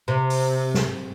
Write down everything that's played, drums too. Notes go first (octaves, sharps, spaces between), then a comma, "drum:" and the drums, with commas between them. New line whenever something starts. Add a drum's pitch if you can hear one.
C3
drum: open hi-hat
drum: snare